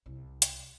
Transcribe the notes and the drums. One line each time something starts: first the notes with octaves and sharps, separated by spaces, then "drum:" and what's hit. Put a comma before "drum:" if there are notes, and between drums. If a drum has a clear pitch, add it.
C2
drum: hi-hat